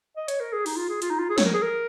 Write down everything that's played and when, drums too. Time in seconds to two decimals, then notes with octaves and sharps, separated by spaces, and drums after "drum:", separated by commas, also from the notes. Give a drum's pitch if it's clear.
0.17 D#5
0.28 C#5, drum: hi-hat
0.40 A#4
0.53 G#4
0.66 D#4, drum: open hi-hat
0.77 F4
0.89 G#4
1.02 F4, drum: hi-hat
1.10 D#4
1.19 F4
1.30 G#4
1.38 C#5, drum: snare
1.46 A#4
1.54 G#4
1.62 A#4